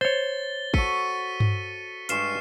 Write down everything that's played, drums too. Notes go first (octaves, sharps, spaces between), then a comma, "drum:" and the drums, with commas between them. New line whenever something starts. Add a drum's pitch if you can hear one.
C5 C#5 A6 G7
F#4 A4 B6 C#7 D#7, drum: kick
drum: tom G2
G2 G#3 C#6 F6 C7 E7, drum: hi-hat